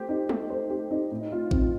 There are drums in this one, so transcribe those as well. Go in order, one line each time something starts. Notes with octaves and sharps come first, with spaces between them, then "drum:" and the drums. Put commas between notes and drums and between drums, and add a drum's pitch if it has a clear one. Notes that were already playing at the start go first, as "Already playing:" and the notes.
Already playing: A3 G4 C5
D#4
A3, drum: tom
C5
G4
D#4
A2
F4
C4, drum: kick A1